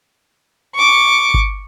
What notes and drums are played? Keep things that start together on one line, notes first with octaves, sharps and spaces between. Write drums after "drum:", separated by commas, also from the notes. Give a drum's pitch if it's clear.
C#6 D6
drum: kick G1